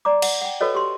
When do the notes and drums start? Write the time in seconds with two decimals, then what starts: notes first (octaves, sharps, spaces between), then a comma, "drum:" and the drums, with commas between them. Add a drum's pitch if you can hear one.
0.05 D5 A#5 D6
0.22 F#5, drum: cymbal
0.41 F#5 G5
0.61 F#4 A4 B4 C#5 D#5
0.75 G4 C6